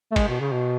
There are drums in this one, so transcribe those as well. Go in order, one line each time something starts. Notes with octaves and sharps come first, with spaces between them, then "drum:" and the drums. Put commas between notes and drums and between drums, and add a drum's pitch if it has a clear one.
A3
G#3, drum: kick, cymbal
B2
C#3
B2